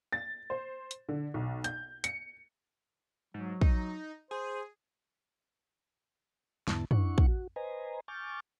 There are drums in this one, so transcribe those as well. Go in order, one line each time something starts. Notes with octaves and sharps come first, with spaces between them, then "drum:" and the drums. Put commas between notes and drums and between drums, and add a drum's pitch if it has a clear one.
A6
C5
drum: hi-hat
D3
B1
G6, drum: hi-hat
C#7, drum: hi-hat
G#2 F#3
D#4, drum: kick
G#4 C5
E2 G#2 D3 B3 E4 A5, drum: snare
D4 E4 F#5 C#6, drum: tom
drum: kick
F#4
B4 C5 D#5 G#5 A#5
G#5 C#6 D6 F6 G6 A6